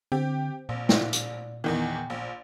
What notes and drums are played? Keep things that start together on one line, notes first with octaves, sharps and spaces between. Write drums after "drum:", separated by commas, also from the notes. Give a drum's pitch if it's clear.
D3 C4 G4
A#1 A#2
D5, drum: snare
drum: hi-hat
E2 D#3 E3 G5
A#1